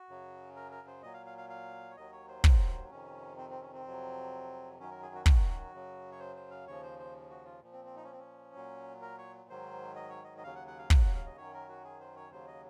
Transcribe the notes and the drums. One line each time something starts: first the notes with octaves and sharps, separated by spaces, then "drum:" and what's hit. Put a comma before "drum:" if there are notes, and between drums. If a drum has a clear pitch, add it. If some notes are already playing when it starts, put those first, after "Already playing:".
Already playing: F#4
F#2 C#3 F#3
A#4
A#4
C5
A#2 F#3 D#5
F5
F5
F5
F5
C#5
D#2 D#3 F#3 D#5
C#5
C5
drum: kick
F2 C3 D#3 C#4
C4
C4
C#4
C4
F2 C3 F#3
F#2 D#3 F#3 C#4
A#4
G#4
F#4
F#4, drum: kick
F#2 C#3 F#3
C#5
C5
C5
F5
D#2 C#3 F3 C#5
C5
C5
F#4
F4
A#2 F3
C4
C4
D#4
C#4
C4
C#4
A#2 F#3
A#4
C#5
G#2 D#3 F#3 C5
D#5
C#5
D#5
D#5
D#2 C#3 F#3 F5
F#5
F#5
F5
F#5, drum: kick
F#5
F5
D#5
F#2 D#3 F#3 C#5
A#4
F#4
G#4
C5
C#5
D#2 C#3 F#3 C5
D#5